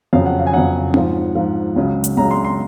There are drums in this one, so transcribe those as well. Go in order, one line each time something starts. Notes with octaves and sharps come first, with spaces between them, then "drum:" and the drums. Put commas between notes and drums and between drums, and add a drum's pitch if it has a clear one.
F2 C#3 F#3 F5
F#5
F5
G#5
F2 C#3 F#3 F#5
G#2 F3, drum: tom C4
G#2 F3
C#2 C#3 F#3
drum: hi-hat
C#2 C#3 F#3 A#5
C6
C6